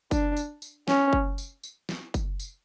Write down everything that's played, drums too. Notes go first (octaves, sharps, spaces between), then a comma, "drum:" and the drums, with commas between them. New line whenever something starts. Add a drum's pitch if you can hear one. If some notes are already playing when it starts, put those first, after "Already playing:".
D4, drum: kick F#1, tambourine
drum: tambourine
drum: tambourine
C#4, drum: snare
drum: kick F#1
drum: tambourine
drum: tambourine
drum: snare
drum: kick F#1, tambourine
drum: tambourine